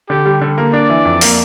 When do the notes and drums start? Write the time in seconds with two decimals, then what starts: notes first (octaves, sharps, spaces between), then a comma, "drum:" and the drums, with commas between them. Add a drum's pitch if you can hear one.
0.09 D3 G4
0.26 G3
0.41 D3
0.58 A#3
0.73 D4 D5
0.90 E3
1.05 F2
1.21 A#3, drum: open hi-hat